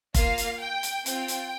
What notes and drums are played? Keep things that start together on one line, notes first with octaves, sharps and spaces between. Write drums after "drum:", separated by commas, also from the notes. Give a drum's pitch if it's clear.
A#3 F4 F5, drum: kick F1, hi-hat
drum: hi-hat
G5
drum: hi-hat
C4 F4 G5, drum: hi-hat
drum: hi-hat